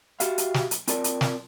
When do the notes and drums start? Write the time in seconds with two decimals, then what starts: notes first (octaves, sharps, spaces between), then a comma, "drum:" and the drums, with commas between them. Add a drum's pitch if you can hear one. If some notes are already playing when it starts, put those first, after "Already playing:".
0.20 F#4 G4 E5 F5, drum: hi-hat
0.38 drum: hi-hat
0.54 drum: snare
0.71 drum: hi-hat
0.88 C4 F4 A#4 D5 A5, drum: hi-hat
1.04 drum: hi-hat
1.21 drum: snare